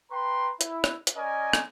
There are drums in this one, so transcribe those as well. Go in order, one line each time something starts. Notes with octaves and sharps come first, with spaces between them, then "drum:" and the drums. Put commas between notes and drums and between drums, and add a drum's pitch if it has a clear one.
B4 G5 A#5 C6
E4, drum: hi-hat
drum: rim click
drum: hi-hat
C#4 A#4 D5 D#5 G#5
drum: rim click